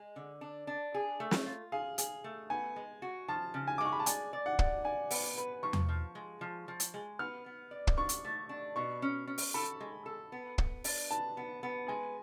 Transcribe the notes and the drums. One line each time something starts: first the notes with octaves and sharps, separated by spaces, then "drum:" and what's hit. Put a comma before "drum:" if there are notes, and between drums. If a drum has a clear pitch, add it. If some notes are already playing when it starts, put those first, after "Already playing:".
Already playing: G#3
D3
D4
D4
G#4
A3
drum: snare
F4
G#4 F5
G#4, drum: hi-hat
A3
B3 G#5
G#3
F#4
F3 A5
C#3
G#5
D6
G#3 C#6
B5
A5
D5 G#5, drum: hi-hat
D5
F#5
D5, drum: kick
D5 G#5
B3, drum: open hi-hat
B4
F3 C#6
drum: tom E2
F3
G#3
F3
F3
drum: hi-hat
G#3
B3 F6
B3
D5
drum: kick
D4 C#6
drum: hi-hat
A3
D4
B2 C#6
C#4
C#4
drum: open hi-hat
A4 B5
G#3
A4
B3
B3, drum: kick
D4, drum: open hi-hat
B4 A5
B3
B3
G#3 G#5